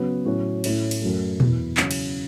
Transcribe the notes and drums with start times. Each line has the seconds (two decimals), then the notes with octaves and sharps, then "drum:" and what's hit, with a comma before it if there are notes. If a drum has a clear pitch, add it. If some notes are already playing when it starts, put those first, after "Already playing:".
Already playing: C#3 F#3 B3
0.25 A2 F#3 C#4 F#4
0.64 A2 A3 C#4 E4, drum: cymbal
0.91 drum: cymbal
1.01 F#2 F#3 A3
1.40 E2 B2 B3 E4, drum: tom A#2
1.77 C#3 F#3 C#4 E4, drum: clap
1.91 drum: cymbal